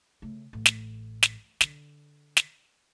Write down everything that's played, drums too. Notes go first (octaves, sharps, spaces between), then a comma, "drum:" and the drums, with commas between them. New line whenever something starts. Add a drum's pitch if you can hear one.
C#3 A3
A1
drum: snare
drum: snare
D3, drum: snare
drum: snare